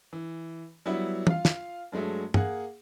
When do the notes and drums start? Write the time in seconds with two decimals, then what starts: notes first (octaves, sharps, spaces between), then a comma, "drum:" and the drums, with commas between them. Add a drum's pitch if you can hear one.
0.13 E3
0.86 F#3 G3 B3 E4
1.27 F4 F5, drum: tom
1.45 drum: snare
1.92 G2 F#3 G#3 A3
2.34 A#3 G#4 F#5, drum: tom